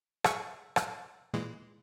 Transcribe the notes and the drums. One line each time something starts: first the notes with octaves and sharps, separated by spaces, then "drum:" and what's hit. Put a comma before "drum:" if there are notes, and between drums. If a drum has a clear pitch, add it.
G#4 E5 C#6, drum: rim click
drum: rim click
A#2 E3 G#3